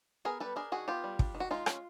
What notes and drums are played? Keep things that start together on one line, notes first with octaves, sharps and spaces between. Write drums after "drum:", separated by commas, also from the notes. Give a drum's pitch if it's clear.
B3 G#4 A#4
G3 A4 B4
D4 G#4 A#4
D#3 F#4 G#4
B3 F4 G4
G3
D4, drum: kick
D#3
F#4
G#3 D#4 F4
C#4, drum: rim click